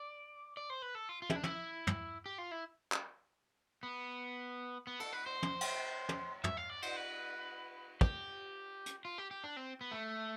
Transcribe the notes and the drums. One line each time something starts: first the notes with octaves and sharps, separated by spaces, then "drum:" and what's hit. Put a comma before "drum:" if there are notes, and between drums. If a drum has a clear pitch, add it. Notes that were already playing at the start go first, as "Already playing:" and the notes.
Already playing: D5
D5
C5
B4
A4
F4
F4
E4, drum: tom
D4
E4, drum: tom
drum: tom
G4
F4
E4
drum: clap
B3
B3
A4, drum: cymbal
B4
C5
drum: tom
drum: cymbal
drum: tom
E5, drum: tom
F5
D5
C5, drum: cymbal
B4
G4, drum: kick
drum: hi-hat
F4
G4
G4
D4
C4
B3
A3